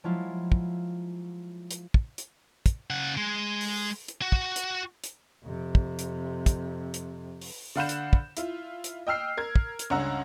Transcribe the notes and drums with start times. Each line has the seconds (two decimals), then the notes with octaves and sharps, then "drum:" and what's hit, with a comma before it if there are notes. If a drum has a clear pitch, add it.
0.04 F3 F#3 G#3 E4 F4
0.52 drum: kick
1.71 drum: hi-hat
1.94 drum: kick
2.18 drum: hi-hat
2.66 drum: kick, hi-hat
2.90 C#3 F#5
3.17 G#3
3.61 drum: open hi-hat
4.08 drum: hi-hat
4.22 F#4
4.32 drum: kick
4.56 drum: hi-hat
5.04 drum: hi-hat
5.44 F2 C3
5.75 drum: kick
5.99 drum: hi-hat
6.46 drum: kick, hi-hat
6.94 drum: hi-hat
7.41 drum: open hi-hat
7.76 D3 F5 F#5 B5 G6 E7
7.89 drum: hi-hat
8.13 drum: kick
8.37 E4 F4, drum: hi-hat
8.84 drum: hi-hat
9.07 D#5 G5 E6 F6 C7
9.37 A#4 G#6
9.56 drum: kick
9.79 drum: hi-hat
9.90 C#2 G2 C#4 F#5 A#5 E6